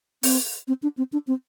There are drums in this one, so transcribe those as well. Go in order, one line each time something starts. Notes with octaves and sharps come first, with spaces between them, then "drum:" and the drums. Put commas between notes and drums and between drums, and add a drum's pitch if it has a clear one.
C4, drum: open hi-hat
C4
D4
C4
D4
C4